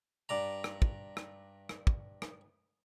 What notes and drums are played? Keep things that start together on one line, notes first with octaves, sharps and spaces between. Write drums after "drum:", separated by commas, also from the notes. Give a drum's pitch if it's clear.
G2 D5 A#5
drum: rim click
drum: kick
drum: rim click
drum: rim click
drum: kick
drum: rim click